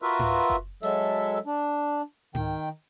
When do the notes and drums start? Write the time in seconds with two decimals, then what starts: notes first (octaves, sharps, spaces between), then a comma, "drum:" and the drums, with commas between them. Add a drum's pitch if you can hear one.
0.02 F4 F#4 A#4 B4 E5
0.19 drum: tom G#2
0.50 drum: kick F#1
0.83 F#3 G#3 A4 E5, drum: hi-hat
1.46 D4
2.35 D#3 G5, drum: tom G#2